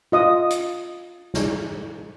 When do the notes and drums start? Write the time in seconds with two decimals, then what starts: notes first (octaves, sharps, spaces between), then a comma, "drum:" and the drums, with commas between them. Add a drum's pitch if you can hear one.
0.12 F4 D#5 D#6
0.50 drum: hi-hat
1.34 drum: snare